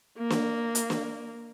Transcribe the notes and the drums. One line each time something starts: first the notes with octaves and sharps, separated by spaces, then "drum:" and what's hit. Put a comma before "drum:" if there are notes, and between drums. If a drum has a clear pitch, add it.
A#3
drum: snare
drum: hi-hat
drum: snare